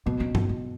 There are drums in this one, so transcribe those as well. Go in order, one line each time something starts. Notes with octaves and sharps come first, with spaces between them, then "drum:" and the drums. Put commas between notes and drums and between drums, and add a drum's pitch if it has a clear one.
B2 B3
C#4
B2 C#4, drum: tom G2
B3